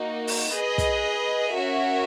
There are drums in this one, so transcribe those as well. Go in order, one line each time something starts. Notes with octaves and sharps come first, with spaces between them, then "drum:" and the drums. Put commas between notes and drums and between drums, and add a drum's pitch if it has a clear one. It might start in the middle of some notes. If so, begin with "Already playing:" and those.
Already playing: A#3 D#4 F#4
drum: open hi-hat
G#4 B4 D#5
drum: kick, hi-hat
C#4 F#4 A#4 C#5 E5